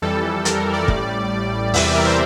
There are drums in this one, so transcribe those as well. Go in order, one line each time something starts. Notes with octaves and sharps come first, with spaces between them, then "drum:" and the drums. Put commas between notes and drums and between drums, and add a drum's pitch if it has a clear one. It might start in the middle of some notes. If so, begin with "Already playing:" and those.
F2 E3 G3 A4
A#4, drum: hi-hat
A#4
D5
A1 A2 G3, drum: kick
E2 C3 E3 G3 E5, drum: open hi-hat
D5
A#4
C5